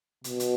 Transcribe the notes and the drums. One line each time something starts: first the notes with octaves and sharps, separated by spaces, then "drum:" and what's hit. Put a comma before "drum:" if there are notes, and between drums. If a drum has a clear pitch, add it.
B2, drum: hi-hat
drum: hi-hat